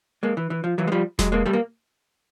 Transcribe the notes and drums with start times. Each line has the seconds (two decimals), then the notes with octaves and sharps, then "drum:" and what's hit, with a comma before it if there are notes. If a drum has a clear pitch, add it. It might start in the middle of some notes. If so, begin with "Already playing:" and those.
0.23 G#3 A#3
0.37 E3
0.50 E3
0.64 F3
0.78 E3 F#3
0.87 G#3
0.92 F3 G3
1.19 F#3 G#3, drum: snare E1
1.32 G#3 A#3
1.46 G3 A3
1.53 A#3